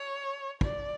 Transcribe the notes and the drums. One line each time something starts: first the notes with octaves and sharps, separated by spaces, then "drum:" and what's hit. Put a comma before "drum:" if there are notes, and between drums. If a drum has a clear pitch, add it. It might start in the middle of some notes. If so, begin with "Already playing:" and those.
Already playing: C#5
D5, drum: kick